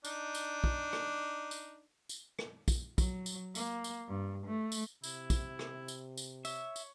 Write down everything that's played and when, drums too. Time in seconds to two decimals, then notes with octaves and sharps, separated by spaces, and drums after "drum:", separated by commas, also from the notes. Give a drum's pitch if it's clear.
0.05 D4 D#4, drum: tambourine
0.35 drum: tambourine
0.64 drum: kick
0.93 drum: rim click
1.51 drum: tambourine
2.09 drum: tambourine
2.39 drum: rim click
2.68 drum: kick, tambourine
2.98 F#3, drum: kick, tambourine
3.26 drum: tambourine
3.55 A#3, drum: tambourine
3.84 drum: tambourine
4.07 G2
4.46 A3
4.72 drum: tambourine
5.04 C3 E4, drum: tambourine
5.30 drum: kick, tambourine
5.59 drum: rim click
5.88 drum: tambourine
6.17 drum: tambourine
6.45 C#5 E5, drum: tambourine
6.76 drum: tambourine